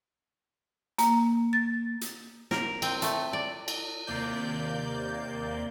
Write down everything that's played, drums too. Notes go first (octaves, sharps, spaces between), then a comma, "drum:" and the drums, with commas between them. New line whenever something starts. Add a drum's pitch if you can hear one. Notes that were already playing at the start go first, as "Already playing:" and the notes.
A#3, drum: hi-hat
A6
drum: hi-hat
A#4, drum: snare
C4, drum: cymbal
A3, drum: hi-hat
D5
drum: cymbal
D#2 C3 A#3 D5 G6